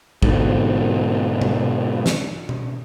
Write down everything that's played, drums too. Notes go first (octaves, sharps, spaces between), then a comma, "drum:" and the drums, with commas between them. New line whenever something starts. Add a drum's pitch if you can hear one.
G#2 B2 D3, drum: kick A1
drum: tom B2
drum: snare
drum: tom B2